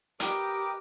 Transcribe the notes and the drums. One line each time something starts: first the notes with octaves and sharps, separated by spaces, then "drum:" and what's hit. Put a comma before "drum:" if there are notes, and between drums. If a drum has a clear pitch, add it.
G4 A#4 B4 D#5 G5 D6, drum: hi-hat